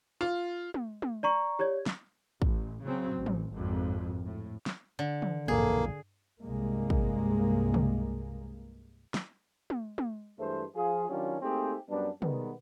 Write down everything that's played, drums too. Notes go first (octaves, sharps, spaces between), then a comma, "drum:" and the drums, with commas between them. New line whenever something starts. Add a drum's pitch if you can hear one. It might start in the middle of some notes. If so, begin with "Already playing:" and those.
F4
drum: tom
drum: tom
D5 A#5 C#6
G4 C#5 D5 G#6
drum: snare
A1, drum: kick
C#3 F#3 C4
A1
drum: tom
G#1 F2
A2
drum: snare
D3
drum: tom
B1 F2 A#2 E3 A#3 G#4 A4, drum: tom
C2 G2 G#3 A#3
drum: kick
drum: tom
drum: snare
drum: tom
drum: tom
G2 E3 G#3 A3 C5
F3 F4 G#4
D#3 F#3 C#4 D4 F4 G4
A3 A#3 C4 D#4 G4 G#4
F#2 G3 B3 D4
D#3 G3 G#3 B3, drum: tom